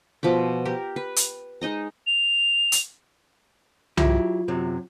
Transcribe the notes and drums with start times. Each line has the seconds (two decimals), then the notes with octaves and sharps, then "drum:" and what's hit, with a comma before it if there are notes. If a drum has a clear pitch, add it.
0.23 B2 F3 B5 D6
0.65 G4 A#4
0.96 B4
1.16 drum: hi-hat
1.61 G#3 D#4 D#5 A#5
2.07 F7
2.72 drum: hi-hat
3.97 F#3 E4 F4 G4, drum: tom C2
4.48 F#2 C3 F#3